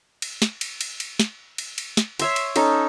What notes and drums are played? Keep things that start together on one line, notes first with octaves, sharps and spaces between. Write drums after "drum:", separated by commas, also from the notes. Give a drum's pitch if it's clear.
drum: cymbal
drum: snare
drum: cymbal
drum: cymbal
drum: cymbal
drum: snare
drum: cymbal
drum: cymbal
drum: snare
C#5 E5 C6, drum: cymbal
drum: cymbal
C#4 D#4 A4, drum: cymbal